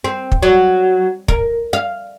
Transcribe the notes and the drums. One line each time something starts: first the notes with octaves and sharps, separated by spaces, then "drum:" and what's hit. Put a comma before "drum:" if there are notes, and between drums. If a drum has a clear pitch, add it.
C4
drum: kick
F#3
A#4, drum: kick
F5